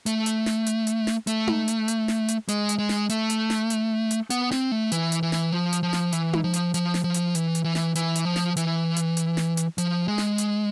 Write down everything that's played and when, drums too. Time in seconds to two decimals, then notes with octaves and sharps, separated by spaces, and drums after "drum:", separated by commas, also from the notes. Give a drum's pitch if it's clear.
0.06 A3, drum: hi-hat
0.26 drum: hi-hat
0.46 drum: snare
0.67 drum: hi-hat
0.87 drum: hi-hat
1.07 drum: snare
1.27 A3, drum: hi-hat
1.47 drum: tom D#4
1.68 drum: hi-hat
1.88 drum: hi-hat
2.08 drum: snare
2.28 drum: hi-hat
2.49 G#3, drum: hi-hat
2.69 drum: hi-hat
2.78 G#3
2.89 drum: snare
3.10 A3, drum: hi-hat
3.30 drum: hi-hat
3.50 drum: snare
3.70 drum: hi-hat
4.11 drum: hi-hat
4.30 B3, drum: hi-hat
4.52 C4, drum: snare
4.72 A3
4.92 E3, drum: hi-hat
5.12 drum: hi-hat
5.23 E3
5.32 drum: snare
5.52 F3
5.73 drum: hi-hat
5.83 F3
5.93 drum: snare
6.12 E3, drum: hi-hat
6.33 drum: tom D#4
6.44 F3
6.54 drum: hi-hat
6.74 F3, drum: hi-hat
6.94 drum: snare
7.04 F3
7.14 drum: hi-hat
7.35 E3, drum: hi-hat
7.55 drum: hi-hat
7.64 E3
7.75 drum: snare
7.95 E3, drum: hi-hat
8.16 drum: hi-hat
8.25 F3
8.36 drum: snare
8.57 E3, drum: hi-hat
8.96 drum: hi-hat
9.17 drum: hi-hat
9.37 drum: snare
9.57 drum: hi-hat
9.78 F3, drum: hi-hat
10.08 G#3
10.18 drum: snare
10.38 drum: hi-hat